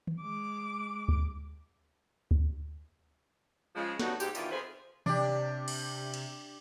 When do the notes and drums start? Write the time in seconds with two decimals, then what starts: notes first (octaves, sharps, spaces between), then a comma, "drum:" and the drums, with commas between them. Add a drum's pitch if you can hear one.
0.07 drum: tom D#3
0.21 G#3 D6
1.08 drum: kick D2
2.31 drum: kick D2
3.76 C#3 F3 G#3
4.00 G3 A3 B3 C#4 D#4 F#4, drum: snare
4.20 G#2 G4, drum: tambourine
4.35 B2 D#3 E3 D4 F4, drum: tambourine
4.51 F2 F4 G#4 B4 C5
5.06 C3 D4 G4 D5, drum: tom D#3
5.68 drum: cymbal
6.14 drum: cymbal